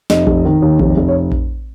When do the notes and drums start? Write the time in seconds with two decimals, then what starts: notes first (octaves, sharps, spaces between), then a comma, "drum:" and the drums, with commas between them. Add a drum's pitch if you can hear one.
0.10 F1 D#5, drum: snare
0.27 F1, drum: kick A#1
0.45 D#3
0.62 D#2
0.80 F1, drum: kick A#1
0.97 F1
1.08 C#5
1.32 drum: kick A#1